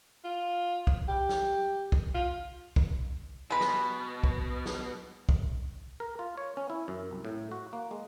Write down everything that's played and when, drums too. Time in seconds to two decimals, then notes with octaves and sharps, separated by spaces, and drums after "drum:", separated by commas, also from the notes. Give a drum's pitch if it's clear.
0.24 F4
0.87 drum: kick
1.08 G4
1.29 drum: snare
1.92 drum: kick
2.14 F4
2.76 drum: kick
3.50 B2 G#3 B4
3.60 drum: snare
4.24 drum: kick
4.66 drum: snare
5.29 drum: kick
6.00 A#4
6.19 F4
6.38 C#5
6.57 C#4
6.70 E4
6.88 F#2
7.11 C2
7.25 A2
7.52 F#4
7.73 A#3
7.91 G#3